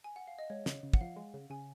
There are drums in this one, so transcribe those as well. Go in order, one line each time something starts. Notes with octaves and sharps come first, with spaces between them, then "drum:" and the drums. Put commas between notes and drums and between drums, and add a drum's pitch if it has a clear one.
G#5
F#5
F5
D#5
G#3 C#5
C#3, drum: snare
C#3
F#5, drum: kick
F3 F5
G#3
C#3
C#3 G#5